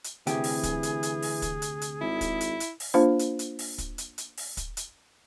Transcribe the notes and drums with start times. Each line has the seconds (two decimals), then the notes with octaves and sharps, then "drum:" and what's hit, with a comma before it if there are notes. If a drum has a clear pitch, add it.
0.04 drum: hi-hat
0.27 D2 C3 E3 G4 G#4, drum: hi-hat
0.44 drum: open hi-hat
0.63 drum: kick, hi-hat
0.83 drum: hi-hat
1.03 drum: hi-hat
1.22 drum: open hi-hat
1.42 drum: kick, hi-hat
1.62 drum: hi-hat
1.81 drum: hi-hat
2.01 G#1 E4
2.21 drum: kick, hi-hat
2.41 drum: hi-hat
2.60 drum: hi-hat
2.80 drum: open hi-hat
2.94 A#3 D4 F4 C5
3.19 drum: hi-hat
3.39 drum: hi-hat
3.59 drum: open hi-hat
3.78 drum: kick, hi-hat
3.98 drum: hi-hat
4.18 drum: hi-hat
4.37 drum: open hi-hat
4.57 drum: kick, hi-hat
4.77 drum: hi-hat